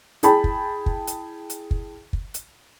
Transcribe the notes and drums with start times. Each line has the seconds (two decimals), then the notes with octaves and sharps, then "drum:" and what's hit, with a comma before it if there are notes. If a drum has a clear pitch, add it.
0.23 E4 G#4 G5 A5 B5, drum: hi-hat
0.44 drum: kick
0.86 drum: kick
1.07 drum: hi-hat
1.50 drum: hi-hat
1.71 drum: kick
2.13 drum: kick
2.34 drum: hi-hat